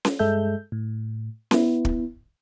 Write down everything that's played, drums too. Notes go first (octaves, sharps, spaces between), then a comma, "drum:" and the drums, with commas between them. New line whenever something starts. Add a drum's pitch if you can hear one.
drum: snare C#4
G2 G#3 A4 E5 G6
A2
B3 E4, drum: snare C#4
drum: kick